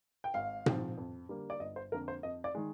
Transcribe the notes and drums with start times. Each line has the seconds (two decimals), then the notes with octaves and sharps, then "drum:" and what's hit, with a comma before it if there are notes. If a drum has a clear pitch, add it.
0.24 G5
0.34 G#1 F5
0.66 G#2 F3 C4, drum: tom A#2
0.98 F2
1.29 D3 G3 A#3
1.50 D5
1.60 G1 D#5
1.76 C5
1.92 F2 D3 F3 A#3 A#4
2.08 C5
2.23 F2 D#5
2.44 D5
2.55 D#3 G#3